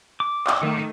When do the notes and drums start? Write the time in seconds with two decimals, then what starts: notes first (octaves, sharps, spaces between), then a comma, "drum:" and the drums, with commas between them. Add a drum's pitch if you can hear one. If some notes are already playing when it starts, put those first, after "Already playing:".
0.20 D6
0.47 drum: clap
0.60 D#3 A3 D#4